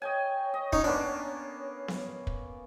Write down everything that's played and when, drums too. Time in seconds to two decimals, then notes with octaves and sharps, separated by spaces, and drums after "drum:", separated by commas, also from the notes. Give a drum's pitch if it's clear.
0.02 C#5 D#5 G5 G#5
0.54 D#5
0.73 C#4 D#4, drum: kick
0.84 A#3 B3 C#4 D4
1.88 drum: snare B3
2.27 drum: kick